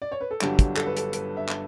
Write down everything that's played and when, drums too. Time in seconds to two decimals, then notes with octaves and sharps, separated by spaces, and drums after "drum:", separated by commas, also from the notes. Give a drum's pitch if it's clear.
0.02 D5
0.12 C#5
0.21 B4
0.31 A4
0.41 G1 G2 D3 F#3 G4, drum: clap
0.59 drum: kick, hi-hat
0.76 A4, drum: clap
0.86 B4
0.97 A4, drum: hi-hat
1.13 B4, drum: hi-hat
1.37 E5
1.49 drum: clap